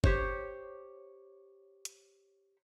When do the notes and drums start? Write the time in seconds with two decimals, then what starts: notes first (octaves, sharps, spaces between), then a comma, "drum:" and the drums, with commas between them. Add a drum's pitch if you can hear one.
0.04 G4 C5 C#5, drum: kick
1.85 drum: hi-hat